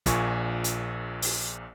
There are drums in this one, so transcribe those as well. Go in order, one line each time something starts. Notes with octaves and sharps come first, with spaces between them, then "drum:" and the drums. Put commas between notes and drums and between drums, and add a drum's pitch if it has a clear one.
A#1 A#2 G#5 C#6, drum: kick, hi-hat
drum: hi-hat
drum: open hi-hat